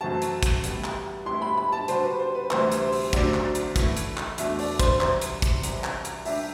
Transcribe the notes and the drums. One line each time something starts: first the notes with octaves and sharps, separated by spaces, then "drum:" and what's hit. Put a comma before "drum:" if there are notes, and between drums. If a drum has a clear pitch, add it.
F#2 E3 A3 C4 F#4 A5
drum: hi-hat
drum: kick, hi-hat
A2 E3 G3 B3, drum: hi-hat
drum: clap
A2 G3 B3 E4 B4 C6
B5
B5
A5
D3 G3 D4 F#4 C5, drum: hi-hat
B4
C5
B4
D2 C3 E3 G3 C5, drum: clap
drum: hi-hat
C5
drum: open hi-hat
D2 D3 F#3 C4 D5, drum: kick, hi-hat
drum: clap
drum: hi-hat
E3 A3 E4, drum: kick, hi-hat
drum: hi-hat
drum: clap
E2 B2 A3 D4 E5, drum: hi-hat
D5, drum: open hi-hat
C5, drum: kick, hi-hat
C2 C3 E3 C5, drum: clap
drum: hi-hat
drum: kick, hi-hat
C2 C3 E3, drum: hi-hat
drum: clap
drum: hi-hat
G3 D4 G4 E5, drum: open hi-hat